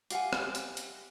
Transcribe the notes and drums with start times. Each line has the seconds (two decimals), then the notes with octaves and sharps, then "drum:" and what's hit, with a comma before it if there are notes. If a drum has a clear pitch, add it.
0.10 G4 F5 F#5 G#5, drum: hi-hat
0.33 drum: rim click
0.55 drum: hi-hat
0.77 drum: hi-hat